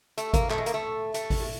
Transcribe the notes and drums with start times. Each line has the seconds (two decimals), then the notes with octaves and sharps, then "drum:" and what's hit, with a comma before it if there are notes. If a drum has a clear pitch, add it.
0.18 A3, drum: hi-hat
0.34 A#3, drum: kick G#1, hi-hat
0.50 A3, drum: clap
0.58 G#3
0.66 A#3, drum: hi-hat
0.74 A3
1.14 A3, drum: hi-hat
1.30 drum: kick G#1, open hi-hat